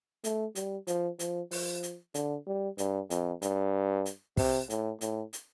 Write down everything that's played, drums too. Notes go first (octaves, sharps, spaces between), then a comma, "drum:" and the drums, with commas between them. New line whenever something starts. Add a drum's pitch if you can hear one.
A3, drum: hi-hat
G3, drum: hi-hat
F3, drum: hi-hat
F3, drum: hi-hat
F3, drum: open hi-hat
drum: hi-hat
D3, drum: hi-hat
G3
G2, drum: hi-hat
F2, drum: hi-hat
G2, drum: hi-hat
drum: hi-hat
C3, drum: kick, open hi-hat
A2, drum: hi-hat
A2, drum: hi-hat
drum: hi-hat